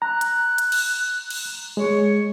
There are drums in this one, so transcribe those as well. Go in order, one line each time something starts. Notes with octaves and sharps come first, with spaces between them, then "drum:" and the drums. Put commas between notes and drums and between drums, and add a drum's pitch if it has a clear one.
A#5 F#6
drum: hi-hat
drum: hi-hat
drum: cymbal
drum: cymbal
G#3 C#5